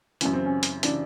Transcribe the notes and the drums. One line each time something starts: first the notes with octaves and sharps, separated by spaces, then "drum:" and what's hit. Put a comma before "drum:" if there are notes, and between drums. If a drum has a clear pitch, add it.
F#2 C#3 E3 C#4, drum: hi-hat
C4
C#4
drum: hi-hat
C#3 E3 D4, drum: hi-hat